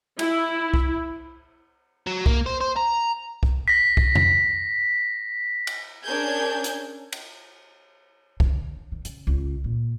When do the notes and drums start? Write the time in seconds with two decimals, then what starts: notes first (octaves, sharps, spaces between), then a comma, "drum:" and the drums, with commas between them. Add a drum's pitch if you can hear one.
0.19 E4, drum: cymbal
0.74 drum: kick C2
2.07 F#3
2.26 A#3, drum: kick C2
2.46 C5
2.61 C5
2.76 A#5
3.43 drum: kick C2
3.68 A#6 B6
3.97 drum: kick C2
4.15 drum: tom F2
5.67 drum: cymbal
6.06 C#4 D4 G#4 A#4 G6 G#6
6.64 drum: hi-hat
7.12 drum: cymbal
8.40 D3, drum: kick C2
8.92 D#3
9.05 C#3, drum: hi-hat
9.27 C#2
9.64 A#2